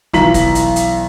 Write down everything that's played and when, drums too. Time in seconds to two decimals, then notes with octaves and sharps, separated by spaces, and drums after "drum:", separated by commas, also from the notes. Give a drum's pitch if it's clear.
0.13 B1 E3 A#5 B6 F#7, drum: snare
0.34 drum: kick F#1, hi-hat
0.55 drum: hi-hat
0.76 drum: hi-hat